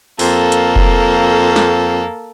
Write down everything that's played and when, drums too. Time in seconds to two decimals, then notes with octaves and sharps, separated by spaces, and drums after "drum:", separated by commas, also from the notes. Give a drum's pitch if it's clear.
0.19 F2 A#3 A4, drum: open hi-hat
0.52 drum: hi-hat
0.76 drum: kick F1
1.56 drum: snare